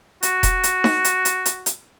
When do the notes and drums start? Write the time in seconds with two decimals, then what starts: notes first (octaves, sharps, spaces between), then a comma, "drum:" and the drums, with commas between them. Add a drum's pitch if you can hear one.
0.23 F#4, drum: hi-hat
0.43 drum: kick E1, hi-hat
0.63 drum: hi-hat
0.84 drum: snare D#4
1.04 drum: hi-hat
1.25 drum: hi-hat
1.46 drum: hi-hat
1.66 drum: hi-hat